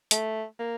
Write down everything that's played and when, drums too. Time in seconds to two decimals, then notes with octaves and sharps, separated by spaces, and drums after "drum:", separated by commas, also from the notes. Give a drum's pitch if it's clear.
0.11 A3, drum: hi-hat
0.59 A#3